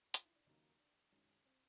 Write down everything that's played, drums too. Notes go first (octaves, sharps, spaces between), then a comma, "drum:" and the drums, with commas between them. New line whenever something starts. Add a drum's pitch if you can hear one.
F4, drum: hi-hat
E4
D4
D#2 C#3 F#3 A#3 D#4
D4
F#2 D#3 G#3
C4